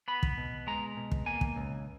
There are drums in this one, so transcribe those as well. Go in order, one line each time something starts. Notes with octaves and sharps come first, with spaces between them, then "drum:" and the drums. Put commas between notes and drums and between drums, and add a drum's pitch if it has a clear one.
B3 B5
drum: kick
B2
G#3 A#5
B2
drum: kick
A#3 G#5
drum: kick
C#2